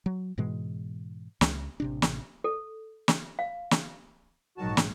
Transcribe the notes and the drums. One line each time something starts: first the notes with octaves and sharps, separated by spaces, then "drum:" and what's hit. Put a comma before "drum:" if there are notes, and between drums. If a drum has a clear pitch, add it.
F#3
G#2 B2 E3 G#3
C#2, drum: snare
A1 C3 D4
drum: snare
A4
drum: snare
F5
drum: snare
A#1 G#2 D#3 F#3 F#4 A5
drum: snare